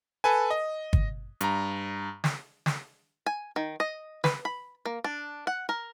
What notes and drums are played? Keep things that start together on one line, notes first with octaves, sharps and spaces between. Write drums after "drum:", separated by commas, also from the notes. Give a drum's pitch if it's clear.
A4 B4 G#5
D#5
drum: kick
G2 A#5, drum: hi-hat
drum: snare
drum: snare
G#5
D#3
D#5
B4, drum: snare
B5
A#3
D4
F#5
A#4